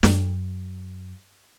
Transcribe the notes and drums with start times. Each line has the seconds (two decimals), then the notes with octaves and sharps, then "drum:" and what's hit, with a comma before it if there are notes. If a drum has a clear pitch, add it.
0.03 F#2, drum: snare